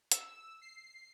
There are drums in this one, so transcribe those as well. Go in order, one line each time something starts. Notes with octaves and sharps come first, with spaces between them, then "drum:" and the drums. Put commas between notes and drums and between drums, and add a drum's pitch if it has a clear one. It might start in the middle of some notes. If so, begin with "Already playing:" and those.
E6, drum: hi-hat
C7